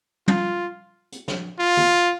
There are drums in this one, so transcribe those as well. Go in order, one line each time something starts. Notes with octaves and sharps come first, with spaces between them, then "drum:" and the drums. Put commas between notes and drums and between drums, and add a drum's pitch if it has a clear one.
F4, drum: tom
drum: hi-hat
drum: snare
F4
drum: tom